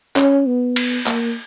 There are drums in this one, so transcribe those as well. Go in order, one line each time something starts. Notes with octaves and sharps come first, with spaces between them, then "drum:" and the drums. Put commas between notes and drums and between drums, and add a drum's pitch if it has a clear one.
C#4, drum: clap
B3
drum: cymbal
A#3, drum: clap